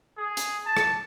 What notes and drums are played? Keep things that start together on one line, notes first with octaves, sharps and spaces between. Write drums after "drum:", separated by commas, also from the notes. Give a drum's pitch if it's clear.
G#4
drum: hi-hat
A5
drum: rim click